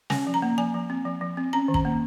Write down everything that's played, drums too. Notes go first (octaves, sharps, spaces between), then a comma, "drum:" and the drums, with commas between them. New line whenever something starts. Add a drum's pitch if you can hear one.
C#4 G#5, drum: snare
F3
A#5
A#3
F3 G#5
F3
C4
F3
F3
C4
C#4 A#5
D#3
A#5, drum: kick
A#3